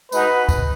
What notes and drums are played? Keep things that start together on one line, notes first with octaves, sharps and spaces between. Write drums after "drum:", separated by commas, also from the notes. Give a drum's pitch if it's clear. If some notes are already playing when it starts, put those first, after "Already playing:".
G#3 D#4 F#4 B4, drum: tambourine
drum: kick, tambourine